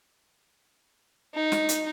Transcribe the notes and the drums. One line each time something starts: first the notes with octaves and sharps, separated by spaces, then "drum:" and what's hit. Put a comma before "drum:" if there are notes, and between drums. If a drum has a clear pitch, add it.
D#4
drum: snare
drum: hi-hat